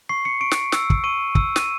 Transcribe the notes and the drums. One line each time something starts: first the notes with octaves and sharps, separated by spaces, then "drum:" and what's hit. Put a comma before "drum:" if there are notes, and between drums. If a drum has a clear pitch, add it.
C#6 C7
C#7
C#6 D7
drum: snare
E6, drum: snare
drum: kick
C#6 D#7
E6, drum: kick
D#7, drum: snare